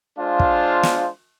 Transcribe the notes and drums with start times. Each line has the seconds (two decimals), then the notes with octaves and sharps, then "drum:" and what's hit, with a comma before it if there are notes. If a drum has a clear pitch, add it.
0.18 G#3 D4 F4 C5 F5
0.40 drum: kick
0.83 drum: snare